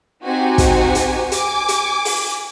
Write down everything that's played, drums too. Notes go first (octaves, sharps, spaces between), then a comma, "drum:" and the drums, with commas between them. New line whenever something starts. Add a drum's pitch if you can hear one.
C4 D#4 F#4 G4 G#5
drum: kick, hi-hat
drum: hi-hat
G#5 D6, drum: hi-hat
drum: hi-hat
drum: open hi-hat